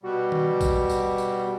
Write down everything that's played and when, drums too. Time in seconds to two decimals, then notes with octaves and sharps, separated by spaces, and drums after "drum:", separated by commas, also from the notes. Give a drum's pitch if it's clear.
0.03 B2 G3 F#4
0.32 drum: tom D#3
0.61 drum: kick A1, tambourine
0.89 drum: tambourine
1.18 drum: tambourine